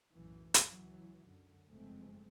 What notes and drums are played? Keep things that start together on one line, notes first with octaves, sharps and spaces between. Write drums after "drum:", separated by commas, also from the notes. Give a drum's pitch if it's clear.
B1 F#2 A2 E3
drum: hi-hat
C#2 E3 F#3
F#2 D3
F#1 F2 G#2 G#3 A3 C4